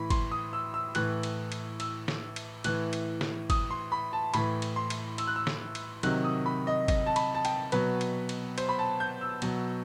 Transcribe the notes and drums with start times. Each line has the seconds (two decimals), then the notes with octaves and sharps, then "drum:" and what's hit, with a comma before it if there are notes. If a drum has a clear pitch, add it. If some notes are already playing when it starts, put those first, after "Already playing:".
Already playing: A2 E3 B5
0.10 C6, drum: kick G#1, cymbal
0.31 D#6
0.53 E6
0.74 E6
0.95 A2 E3 F#6, drum: cymbal
1.23 drum: cymbal
1.52 drum: cymbal
1.80 E6, drum: cymbal
2.08 drum: snare
2.36 drum: cymbal
2.64 A2 E3 F#6, drum: cymbal
2.93 drum: cymbal
3.21 drum: snare
3.50 D#6, drum: kick G#1, cymbal
3.70 C6
3.92 B5
4.13 A5
4.34 A2 E3 B5, drum: cymbal
4.62 drum: cymbal
4.76 C6
4.90 drum: cymbal
5.18 E6, drum: cymbal
5.27 F#6
5.36 E6
5.47 drum: snare
5.75 drum: cymbal
6.03 C3 D#3 F#3 F#6, drum: cymbal
6.24 D#6
6.46 B5
6.67 D#5
6.88 D#5, drum: kick G#1, cymbal
7.06 A5
7.16 B5, drum: cymbal
7.35 A5
7.45 G5, drum: cymbal
7.72 B2 F#3 B4, drum: cymbal
8.01 drum: cymbal
8.29 drum: cymbal
8.58 C5, drum: cymbal
8.69 B5
8.79 A5
9.00 G6
9.21 E6
9.42 B2 F#3, drum: cymbal